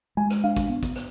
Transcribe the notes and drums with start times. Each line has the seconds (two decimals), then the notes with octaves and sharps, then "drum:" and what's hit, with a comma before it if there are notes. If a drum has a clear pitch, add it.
0.17 G#3 G#5
0.30 drum: rim click
0.44 D4 F5
0.57 drum: kick, hi-hat
0.69 B3
0.83 drum: kick, hi-hat
0.96 drum: rim click